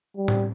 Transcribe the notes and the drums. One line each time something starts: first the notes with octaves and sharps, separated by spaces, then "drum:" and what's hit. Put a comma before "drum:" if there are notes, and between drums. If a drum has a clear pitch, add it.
G3
drum: tom A2